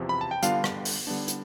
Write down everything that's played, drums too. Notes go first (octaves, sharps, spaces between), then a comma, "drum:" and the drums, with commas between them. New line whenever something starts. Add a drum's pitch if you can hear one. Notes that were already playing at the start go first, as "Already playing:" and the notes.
Already playing: E2 C3 F3
B5
A5
G5
D3 G3 B3 D4 F4 F5, drum: hi-hat
drum: rim click
drum: open hi-hat
D3 G3 B3 D4
drum: hi-hat